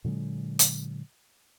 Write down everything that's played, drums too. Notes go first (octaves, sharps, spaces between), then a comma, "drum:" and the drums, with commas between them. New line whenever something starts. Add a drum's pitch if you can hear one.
A#2 D3 F#3 G#3
drum: hi-hat